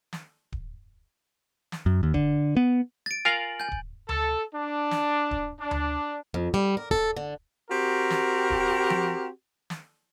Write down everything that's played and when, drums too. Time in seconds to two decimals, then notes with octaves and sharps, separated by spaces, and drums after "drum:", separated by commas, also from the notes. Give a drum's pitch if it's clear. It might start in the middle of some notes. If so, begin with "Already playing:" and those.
0.13 drum: snare
0.52 drum: kick D1
1.72 drum: snare
1.86 F#2
2.03 D#2
2.14 D3, drum: kick D1
2.57 B3
3.06 A6 D7
3.25 F4 A#4 F5 G#5 F#7
3.60 G#5 G6
3.72 drum: kick D1
4.09 A4, drum: tom D2
4.54 D4
4.91 drum: snare
5.31 drum: kick D1
5.59 D4
5.71 drum: tom D2
6.34 F2
6.54 G3
6.77 A#4
6.91 A4, drum: kick D1
7.17 D3
7.71 C4 F#4 G4 A#4
8.10 drum: snare
8.50 drum: kick D1
8.90 drum: tom F3
9.70 drum: snare